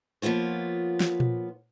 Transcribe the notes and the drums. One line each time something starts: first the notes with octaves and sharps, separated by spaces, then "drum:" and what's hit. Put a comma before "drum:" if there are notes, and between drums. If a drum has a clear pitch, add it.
F3 A#3 B3 F4 C#5
drum: snare
drum: tom A#2